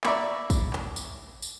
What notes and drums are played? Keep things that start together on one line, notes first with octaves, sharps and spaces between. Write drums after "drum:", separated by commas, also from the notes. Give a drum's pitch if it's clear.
D5 E5 A#5 B5 C#6 D6, drum: clap
drum: kick, tambourine
drum: clap
drum: tambourine
drum: tambourine